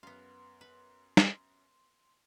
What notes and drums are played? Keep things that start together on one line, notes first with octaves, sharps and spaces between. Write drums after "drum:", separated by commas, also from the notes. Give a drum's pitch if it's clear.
F#2 B3 F5 C6
B4
drum: snare